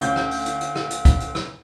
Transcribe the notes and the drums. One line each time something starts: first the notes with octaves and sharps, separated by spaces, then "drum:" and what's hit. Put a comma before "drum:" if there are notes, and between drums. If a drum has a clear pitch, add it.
D2 C#4 F4 G6, drum: hi-hat
drum: rim click
drum: open hi-hat
drum: hi-hat
drum: hi-hat
drum: rim click
drum: hi-hat
drum: kick, hi-hat
drum: hi-hat
drum: rim click